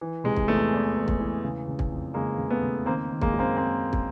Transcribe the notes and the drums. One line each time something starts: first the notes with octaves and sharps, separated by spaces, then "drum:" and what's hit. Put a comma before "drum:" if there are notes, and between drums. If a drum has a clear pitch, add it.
E3
C3 G#3
drum: kick
E2 A3
E2
E2
drum: kick
E3
C#3
C#3
drum: kick
F2
C#3 G#3 A#3
C#3
A3 B3
C#3
D#3 A#3 C4
D#3
G#3 A#3, drum: kick
F#2
A#3 C4
A#3 C4
drum: kick